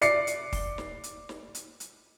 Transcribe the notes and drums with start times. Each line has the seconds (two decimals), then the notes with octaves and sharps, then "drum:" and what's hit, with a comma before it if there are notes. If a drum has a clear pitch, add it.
0.01 D5 C7 C#7, drum: hi-hat
0.27 drum: hi-hat
0.53 drum: kick, open hi-hat
0.78 drum: snare
1.04 drum: hi-hat
1.29 drum: snare
1.55 drum: hi-hat
1.80 drum: hi-hat